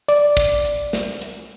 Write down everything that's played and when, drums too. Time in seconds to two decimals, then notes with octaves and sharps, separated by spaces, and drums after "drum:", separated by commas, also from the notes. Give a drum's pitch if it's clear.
0.08 D5, drum: hi-hat
0.37 drum: kick, hi-hat
0.65 drum: hi-hat
0.93 drum: snare
1.21 drum: hi-hat